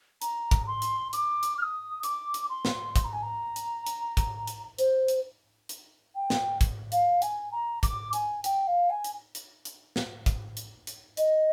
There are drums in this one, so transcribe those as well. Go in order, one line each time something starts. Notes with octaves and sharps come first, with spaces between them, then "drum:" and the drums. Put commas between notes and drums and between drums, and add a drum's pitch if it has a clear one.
A#5, drum: hi-hat
drum: kick, hi-hat
C6
drum: hi-hat
D6, drum: hi-hat
drum: hi-hat
F6
D#6
D6, drum: hi-hat
drum: hi-hat
C6
drum: snare
C6, drum: kick, hi-hat
A#5
G#5
A#5
drum: hi-hat
drum: hi-hat
drum: kick, hi-hat
drum: hi-hat
C5, drum: hi-hat
drum: hi-hat
drum: hi-hat
G5
drum: snare
drum: kick, hi-hat
F5, drum: hi-hat
G#5, drum: hi-hat
A#5
D6, drum: kick, hi-hat
G#5, drum: hi-hat
G5, drum: hi-hat
F5
G#5
drum: hi-hat
drum: hi-hat
drum: hi-hat
drum: snare
drum: kick, hi-hat
drum: hi-hat
drum: hi-hat
D#5, drum: hi-hat